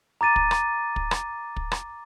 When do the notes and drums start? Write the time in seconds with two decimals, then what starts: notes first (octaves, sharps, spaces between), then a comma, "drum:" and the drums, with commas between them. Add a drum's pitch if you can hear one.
0.21 A#5 D6 A6 D#7
0.36 drum: kick
0.51 drum: rim click
0.96 drum: kick
1.11 drum: rim click
1.56 drum: kick
1.72 drum: rim click